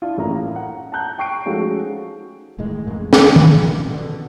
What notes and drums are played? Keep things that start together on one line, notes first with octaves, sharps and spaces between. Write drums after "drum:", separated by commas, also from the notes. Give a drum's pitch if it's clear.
D4 E4 F4
A1 A2 A#3 A#5
F#5
A5 A#5 F#6 G6
G5 C#6 C7 D7
F3 G#3 A3 C#4 D#4 F#4
E1 A2 D#3 G#3
A1 F2 G#3 A#3
D#2, drum: snare
A1 A#2, drum: tom D#3
B2 D3